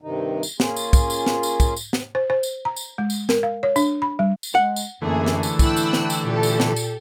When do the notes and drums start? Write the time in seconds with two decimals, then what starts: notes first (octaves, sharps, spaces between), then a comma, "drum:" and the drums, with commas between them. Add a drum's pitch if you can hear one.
0.02 G2 C3 D#3 D#4
0.43 drum: tambourine
0.60 A#3 C#4 F4 G#4, drum: snare
0.76 drum: tambourine
0.93 drum: kick, tambourine
1.10 drum: tambourine
1.26 drum: snare
1.43 drum: tambourine
1.60 drum: kick, tambourine
1.76 drum: tambourine
1.93 drum: snare
2.15 C5
2.30 C5
2.43 drum: tambourine
2.65 A#5
2.76 drum: tambourine
2.98 G#3
3.10 drum: tambourine
3.29 A#4, drum: snare
3.43 F5
3.63 C#5
3.76 D4, drum: tambourine
4.02 B5
4.19 G3
4.43 drum: tambourine
4.55 G#3 F#5
4.76 drum: tambourine
5.02 F#2 D3 E3 A3 A#3 G#4
5.26 drum: snare
5.43 drum: tambourine
5.59 E4 G5 E6 F#6, drum: kick, tambourine
5.76 drum: tambourine
5.93 drum: snare
6.10 drum: tambourine
6.23 A#2 G4 A4
6.43 drum: tambourine
6.60 drum: snare
6.76 drum: tambourine